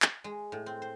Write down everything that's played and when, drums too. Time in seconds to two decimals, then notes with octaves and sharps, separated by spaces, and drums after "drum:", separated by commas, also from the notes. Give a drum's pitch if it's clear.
0.02 drum: clap
0.24 G#3
0.52 A2
0.66 C4
0.82 C5